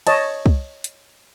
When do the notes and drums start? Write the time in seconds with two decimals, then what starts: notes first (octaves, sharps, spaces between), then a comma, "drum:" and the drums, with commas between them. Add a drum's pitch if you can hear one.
0.07 C#5 D#5 A5, drum: cymbal
0.46 drum: kick C2
0.84 drum: hi-hat